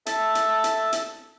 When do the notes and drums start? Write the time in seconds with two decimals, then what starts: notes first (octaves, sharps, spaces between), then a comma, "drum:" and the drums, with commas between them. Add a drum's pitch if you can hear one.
0.06 A4 E5 A5, drum: hi-hat
0.35 drum: hi-hat
0.64 drum: hi-hat
0.93 drum: hi-hat